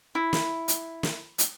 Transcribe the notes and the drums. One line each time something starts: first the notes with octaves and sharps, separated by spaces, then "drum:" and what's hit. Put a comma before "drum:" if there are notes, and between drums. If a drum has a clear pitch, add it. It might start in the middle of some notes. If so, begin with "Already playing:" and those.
E4
drum: snare
drum: hi-hat
drum: snare
drum: hi-hat